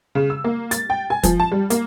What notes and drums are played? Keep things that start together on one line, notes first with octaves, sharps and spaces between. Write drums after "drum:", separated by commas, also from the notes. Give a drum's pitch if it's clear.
C#3
E6
A#3
A6, drum: hi-hat
G5
G#5
F3, drum: kick, hi-hat
A5
G3
A#3, drum: hi-hat